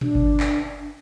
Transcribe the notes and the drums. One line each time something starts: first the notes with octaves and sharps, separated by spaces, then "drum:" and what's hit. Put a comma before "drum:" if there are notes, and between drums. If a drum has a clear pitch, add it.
D4, drum: tom A#2
drum: kick G1
drum: clap